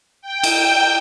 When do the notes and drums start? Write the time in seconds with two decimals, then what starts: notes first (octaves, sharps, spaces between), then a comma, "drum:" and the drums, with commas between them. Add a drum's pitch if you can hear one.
0.22 G5
0.43 drum: cymbal